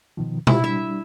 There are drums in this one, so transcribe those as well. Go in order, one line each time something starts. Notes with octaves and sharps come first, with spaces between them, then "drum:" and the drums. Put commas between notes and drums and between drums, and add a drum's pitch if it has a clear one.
B2 D#3 F3
E4 F4 G4, drum: tom B2
G3 D4 E5